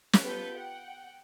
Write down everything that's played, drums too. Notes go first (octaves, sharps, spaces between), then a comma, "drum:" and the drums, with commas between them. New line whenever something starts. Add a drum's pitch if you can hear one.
drum: snare
B3 F4 G4 A4 B4 G6
F#5 G5